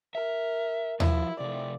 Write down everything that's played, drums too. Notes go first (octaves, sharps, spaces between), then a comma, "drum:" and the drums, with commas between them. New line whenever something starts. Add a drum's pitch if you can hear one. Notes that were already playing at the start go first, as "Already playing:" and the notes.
A#4 E5
F3 E4 F#4, drum: tom D#2
C3 A3 D5